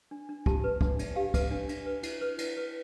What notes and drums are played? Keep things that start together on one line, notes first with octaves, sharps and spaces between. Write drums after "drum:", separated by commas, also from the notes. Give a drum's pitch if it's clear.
D4
D4
G4 A5, drum: kick
B4
D4, drum: kick
D4, drum: cymbal
G4 F5
B4, drum: kick, cymbal
D4
D4, drum: cymbal
B4
E4, drum: cymbal
B4
E4, drum: cymbal
B4